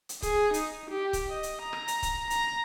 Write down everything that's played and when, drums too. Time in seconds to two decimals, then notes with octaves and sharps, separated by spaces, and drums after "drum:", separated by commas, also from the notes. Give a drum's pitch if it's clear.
0.09 drum: hi-hat
0.22 G#4, drum: kick C#1, hi-hat
0.54 D#4, drum: hi-hat
0.90 G4
1.13 drum: kick C#1, hi-hat
1.29 D#5
1.43 drum: hi-hat
1.62 A#5
1.73 drum: rim click
1.88 drum: hi-hat
2.03 drum: kick C#1, hi-hat
2.30 A#5, drum: hi-hat